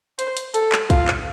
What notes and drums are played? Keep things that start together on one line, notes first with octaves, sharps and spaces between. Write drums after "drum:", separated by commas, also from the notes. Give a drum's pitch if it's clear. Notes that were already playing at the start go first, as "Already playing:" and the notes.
C5, drum: hi-hat
drum: hi-hat
A4, drum: hi-hat
drum: clap
F4, drum: kick, hi-hat
drum: clap